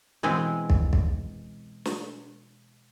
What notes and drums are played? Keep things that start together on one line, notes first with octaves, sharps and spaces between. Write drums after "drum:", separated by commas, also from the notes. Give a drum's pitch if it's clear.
B2 E3 G#3 C4 G#4
drum: kick
drum: kick
drum: snare